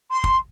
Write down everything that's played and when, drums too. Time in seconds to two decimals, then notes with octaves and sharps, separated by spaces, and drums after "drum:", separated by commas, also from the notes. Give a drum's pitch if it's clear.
0.11 C6
0.24 drum: kick